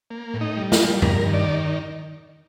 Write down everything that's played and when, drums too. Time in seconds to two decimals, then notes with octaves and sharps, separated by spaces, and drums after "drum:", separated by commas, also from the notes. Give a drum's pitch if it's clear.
0.11 A#3
0.34 A2
0.41 D#4
0.57 G3
0.72 F4, drum: snare
0.79 G3
1.02 G2 A#4, drum: tom E2
1.26 D#3
1.34 D5